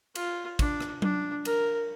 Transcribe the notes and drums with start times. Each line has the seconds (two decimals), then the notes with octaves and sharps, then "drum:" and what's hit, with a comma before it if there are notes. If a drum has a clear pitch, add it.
0.15 F4, drum: cymbal
0.59 D4, drum: kick, cymbal
0.80 drum: rim click
1.02 D4, drum: tom F#3
1.45 A#4, drum: cymbal